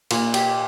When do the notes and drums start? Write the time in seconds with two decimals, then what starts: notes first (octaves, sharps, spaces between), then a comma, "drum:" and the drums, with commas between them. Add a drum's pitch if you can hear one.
0.11 A#2, drum: cymbal
0.34 G4, drum: cymbal